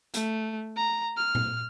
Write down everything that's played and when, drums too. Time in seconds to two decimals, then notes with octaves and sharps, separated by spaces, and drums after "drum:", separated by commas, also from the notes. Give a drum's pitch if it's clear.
0.14 A3, drum: hi-hat
0.77 A#5
1.17 F6
1.35 drum: tom A#2